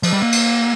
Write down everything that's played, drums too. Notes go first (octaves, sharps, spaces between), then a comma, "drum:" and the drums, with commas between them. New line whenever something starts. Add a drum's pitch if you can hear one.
F3, drum: cymbal
G3
A#3
drum: cymbal